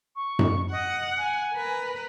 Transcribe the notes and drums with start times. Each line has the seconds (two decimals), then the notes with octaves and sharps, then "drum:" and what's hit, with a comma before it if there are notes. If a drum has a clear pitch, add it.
0.16 C#6
0.39 drum: tom F#2
0.72 D#5 F#5
1.18 G#5
1.54 A#4 B4